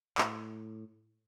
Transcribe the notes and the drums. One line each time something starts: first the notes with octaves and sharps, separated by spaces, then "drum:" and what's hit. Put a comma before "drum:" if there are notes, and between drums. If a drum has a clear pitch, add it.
A2, drum: clap